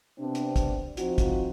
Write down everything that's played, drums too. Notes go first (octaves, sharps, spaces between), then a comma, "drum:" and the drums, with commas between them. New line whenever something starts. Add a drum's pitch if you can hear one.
C3 B3 C4 D4
drum: hi-hat
drum: kick, hi-hat
F3 C4 D#4 F4 F#4, drum: hi-hat
drum: kick, hi-hat